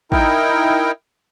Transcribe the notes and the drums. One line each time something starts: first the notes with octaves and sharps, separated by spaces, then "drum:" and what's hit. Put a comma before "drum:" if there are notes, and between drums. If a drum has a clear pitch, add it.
D#4 E4 A#4 G5, drum: kick